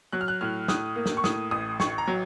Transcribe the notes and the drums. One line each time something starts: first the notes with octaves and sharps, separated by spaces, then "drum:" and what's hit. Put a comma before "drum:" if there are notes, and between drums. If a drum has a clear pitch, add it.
F#3 F#6
F6
F#6
A2 F6
A2 D#6, drum: snare
A#3
drum: snare
C#6
A2 D#6, drum: snare
A1 D#6
A1 C#6, drum: snare
A#5
F#3